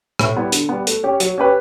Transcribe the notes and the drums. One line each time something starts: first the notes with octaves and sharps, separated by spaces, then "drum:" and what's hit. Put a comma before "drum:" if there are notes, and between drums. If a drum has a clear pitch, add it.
A2, drum: rim click
G3 B3 E4
D3, drum: hi-hat
G3 B3
A3, drum: hi-hat
C#4 G4 C#5
F#3, drum: hi-hat
C#4 G4 B4